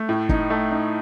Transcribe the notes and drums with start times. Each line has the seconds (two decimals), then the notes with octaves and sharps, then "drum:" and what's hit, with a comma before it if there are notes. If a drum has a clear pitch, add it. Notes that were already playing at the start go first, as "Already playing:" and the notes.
Already playing: A3
0.09 A2
0.29 D#4, drum: kick
0.50 A3
0.72 D#4